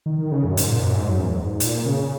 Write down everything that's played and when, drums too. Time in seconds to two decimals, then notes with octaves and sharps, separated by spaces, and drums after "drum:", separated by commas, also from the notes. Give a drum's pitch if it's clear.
0.06 D#3
0.18 D#3
0.32 C#3
0.44 F#2
0.57 G#2, drum: hi-hat
0.70 A#2
0.83 F#2
0.96 G#2
1.09 F#2
1.21 E2
1.34 G#2
1.47 G#2
1.60 A#2, drum: hi-hat
1.86 C#3